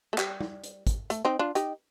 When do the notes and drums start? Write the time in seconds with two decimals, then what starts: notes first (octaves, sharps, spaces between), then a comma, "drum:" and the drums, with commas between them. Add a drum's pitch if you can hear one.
0.13 A3
0.18 G3, drum: clap
0.41 drum: tom
0.64 drum: hi-hat
0.87 drum: kick, hi-hat
1.10 A3, drum: hi-hat
1.25 C4 D#4
1.39 D4 F4
1.55 D#4 G4, drum: hi-hat